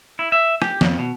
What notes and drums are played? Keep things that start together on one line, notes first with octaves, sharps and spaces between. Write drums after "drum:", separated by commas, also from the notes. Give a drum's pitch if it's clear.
E4
E5
G4, drum: rim click
F2, drum: snare
B2